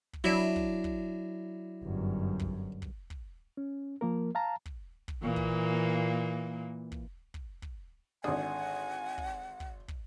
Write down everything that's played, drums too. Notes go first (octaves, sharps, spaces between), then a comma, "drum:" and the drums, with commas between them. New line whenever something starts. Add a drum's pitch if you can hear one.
drum: kick
F#3 D4 E4
drum: kick
drum: kick
G1 F#2
drum: kick
drum: kick
drum: kick
C#4
F3 A#3 A#4
F5 A5 A#5
drum: kick
drum: kick
A#2 E3 A#3
drum: kick
drum: kick
drum: kick
drum: kick
G#1 D3 F#5 G#5 D#6
drum: kick
drum: kick
drum: kick